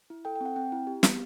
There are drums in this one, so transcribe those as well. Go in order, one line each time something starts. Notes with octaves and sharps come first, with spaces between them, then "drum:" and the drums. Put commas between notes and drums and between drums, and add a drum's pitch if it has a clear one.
E4
A4 G5
G5
C4 F#5
C4 G5
E4
G4
B3, drum: snare